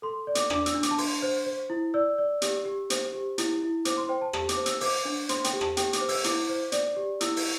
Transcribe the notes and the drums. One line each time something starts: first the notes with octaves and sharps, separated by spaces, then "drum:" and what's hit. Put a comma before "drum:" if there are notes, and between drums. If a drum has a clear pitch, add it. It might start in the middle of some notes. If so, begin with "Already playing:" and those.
A4 C6
D5
D6, drum: hi-hat
D4 D6, drum: rim click
E6, drum: hi-hat
D4
D6, drum: hi-hat
A5
D4 C6, drum: open hi-hat
C5
C5
E4
D5 E6
D5
G4, drum: hi-hat
G4
C5, drum: hi-hat
G4
E4, drum: hi-hat
E4
C5 D6, drum: hi-hat
C6
C5 G5
A5
G4 A5, drum: rim click
D6, drum: hi-hat
C5
E6, drum: hi-hat
C5 D6, drum: open hi-hat
D4
C5 C6, drum: hi-hat
G5, drum: hi-hat
G4
A5, drum: rim click
G4 G5, drum: hi-hat
D6, drum: hi-hat
C5
E6, drum: open hi-hat
E4 D6, drum: hi-hat
C5
D5, drum: hi-hat
G4
E4 E6, drum: hi-hat
drum: open hi-hat